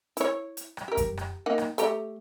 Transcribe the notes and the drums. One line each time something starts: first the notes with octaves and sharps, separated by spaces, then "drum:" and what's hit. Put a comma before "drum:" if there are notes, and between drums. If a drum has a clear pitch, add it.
E4 C#5, drum: hi-hat
drum: hi-hat
drum: rim click
G4 A#4
drum: kick F#2, hi-hat
drum: rim click
A#3 D#4 F#5
drum: rim click
A3 G4 A#5, drum: hi-hat